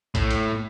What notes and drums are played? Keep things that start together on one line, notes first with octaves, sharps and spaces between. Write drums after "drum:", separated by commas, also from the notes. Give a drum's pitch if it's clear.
A2, drum: kick A#1, hi-hat
drum: hi-hat